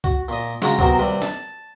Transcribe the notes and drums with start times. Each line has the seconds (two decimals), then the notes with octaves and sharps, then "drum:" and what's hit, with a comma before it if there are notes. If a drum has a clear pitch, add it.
0.04 F#4, drum: kick C2
0.28 A#2 D#5
0.62 C#3 G#3 F4 F#4 A#5, drum: snare
0.79 C3 F#3 B3 F#4 A#4 C5, drum: kick C2
0.99 D#2 C3 G3 B4
1.22 A5, drum: snare